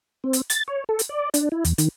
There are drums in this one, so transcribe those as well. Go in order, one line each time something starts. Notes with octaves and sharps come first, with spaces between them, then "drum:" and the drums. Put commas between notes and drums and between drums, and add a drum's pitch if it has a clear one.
C4
drum: hi-hat
A6, drum: hi-hat
C#5
A4
drum: hi-hat
D5
D4, drum: hi-hat
E4
E2, drum: hi-hat
D#3, drum: hi-hat